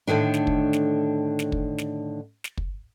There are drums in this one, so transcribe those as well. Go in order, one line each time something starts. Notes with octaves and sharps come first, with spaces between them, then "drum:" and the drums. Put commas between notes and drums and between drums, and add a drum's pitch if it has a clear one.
A2 D3 D#3 D4
drum: snare
drum: kick
drum: snare
drum: snare
drum: kick
drum: snare
drum: snare
drum: kick